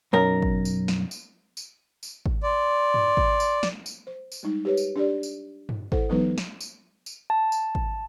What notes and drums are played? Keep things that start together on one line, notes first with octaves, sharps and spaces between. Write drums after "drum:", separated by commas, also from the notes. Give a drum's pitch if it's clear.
B1 F#2 A#4
drum: kick G#1
drum: tambourine
drum: snare
drum: tambourine
drum: tambourine
drum: tambourine
drum: kick G#1
D5 C6
drum: tom G2
drum: kick G#1
drum: tambourine
drum: snare
drum: tambourine
C5
drum: tambourine
G3 G#3 D#4
G4 B4 C#5
drum: tambourine
D4 G4 D5
drum: tambourine
drum: tom G2
E4 A4 C5 F#5, drum: kick G#1
E3 F#3 G#3 B3 D#4 B4
drum: snare
drum: tambourine
drum: tambourine
A5
drum: tambourine
drum: kick G#1